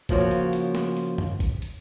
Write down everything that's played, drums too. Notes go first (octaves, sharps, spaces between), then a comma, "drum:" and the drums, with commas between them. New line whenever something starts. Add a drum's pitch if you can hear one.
C#3 F3 A#3 F#4 C#5, drum: kick, hi-hat
drum: hi-hat
drum: hi-hat
drum: snare
drum: hi-hat
drum: tom
drum: kick, hi-hat
drum: hi-hat